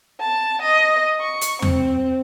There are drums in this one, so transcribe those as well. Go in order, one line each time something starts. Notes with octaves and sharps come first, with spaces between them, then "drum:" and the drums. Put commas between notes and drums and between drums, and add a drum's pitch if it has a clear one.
A5
D#5
C#6
drum: hi-hat
C4, drum: tom E2